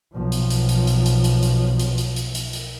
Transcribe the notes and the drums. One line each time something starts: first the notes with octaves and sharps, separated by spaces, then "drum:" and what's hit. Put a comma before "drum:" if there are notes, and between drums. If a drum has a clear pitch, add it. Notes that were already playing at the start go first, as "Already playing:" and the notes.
B1 F3
drum: hi-hat
drum: hi-hat
drum: hi-hat
drum: hi-hat
drum: hi-hat
drum: hi-hat
drum: hi-hat
drum: hi-hat
drum: hi-hat
drum: hi-hat
drum: hi-hat
drum: hi-hat